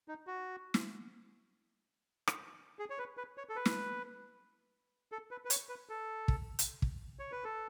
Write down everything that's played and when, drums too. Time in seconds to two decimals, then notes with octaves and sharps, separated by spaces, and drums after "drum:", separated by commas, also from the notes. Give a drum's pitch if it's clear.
0.08 D#4
0.27 F#4
0.74 drum: snare
2.28 drum: rim click
2.79 G#4
2.90 C#5
2.98 B4
3.17 B4
3.38 C#5
3.49 A4
3.56 B4
3.65 drum: snare
5.12 A4
5.31 B4
5.45 B4
5.50 C#5, drum: hi-hat
5.69 B4
5.89 A4
6.28 drum: kick
6.59 drum: hi-hat
6.82 drum: kick
7.19 C#5
7.32 B4
7.44 A4